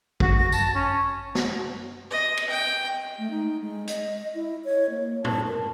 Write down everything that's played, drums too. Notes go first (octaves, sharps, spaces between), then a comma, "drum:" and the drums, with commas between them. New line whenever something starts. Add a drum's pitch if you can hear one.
F#4, drum: kick G#1
A#6
A5, drum: tambourine
C#4
drum: snare
D#5
drum: cymbal
G5
A3
D#4
G#3
D#5, drum: hi-hat
E4
C#5
A#3
A5, drum: tom
A#4